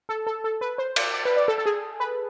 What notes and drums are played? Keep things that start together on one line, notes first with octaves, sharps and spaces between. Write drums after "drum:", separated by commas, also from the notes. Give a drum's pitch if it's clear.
A4
A4
A4
B4
C5
D5, drum: cymbal
D5
B4
D5
A4
A4
G#4
B4